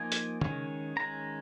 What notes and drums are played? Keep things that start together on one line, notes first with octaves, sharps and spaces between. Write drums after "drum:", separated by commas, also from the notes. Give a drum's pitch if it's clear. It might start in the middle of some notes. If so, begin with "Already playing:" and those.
Already playing: F3 A#3 D#4 G#5
drum: hi-hat
D#3 G#3 C#4, drum: tom C#3
D#3 G#3 C#4 A#5